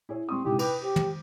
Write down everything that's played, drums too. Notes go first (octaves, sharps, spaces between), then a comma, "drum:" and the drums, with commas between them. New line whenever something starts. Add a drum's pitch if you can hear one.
E4 G#4 C#5
G3 C4 C#6 D#6
E2 G#2 C3 G4
B4 G5 D6 F7, drum: cymbal
G4 C5
drum: tom